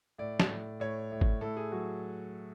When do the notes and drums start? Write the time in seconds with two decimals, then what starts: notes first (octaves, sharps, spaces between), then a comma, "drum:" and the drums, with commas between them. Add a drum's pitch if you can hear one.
0.18 A2 D5
0.40 drum: snare
0.50 A2
0.80 A2 C#5
1.12 A2
1.21 drum: kick
1.41 A2 A4
1.57 G#4
1.72 F#3 F#4